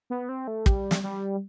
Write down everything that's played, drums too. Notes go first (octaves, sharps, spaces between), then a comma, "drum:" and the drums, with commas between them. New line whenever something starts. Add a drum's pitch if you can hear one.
B3
C4
A3
G3, drum: kick
drum: snare
G3